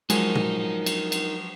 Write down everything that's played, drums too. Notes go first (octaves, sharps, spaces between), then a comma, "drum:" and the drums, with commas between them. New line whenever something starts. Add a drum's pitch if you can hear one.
F3 F#3 G#3 D#4 A#4, drum: cymbal
drum: tom A#2
drum: cymbal
drum: cymbal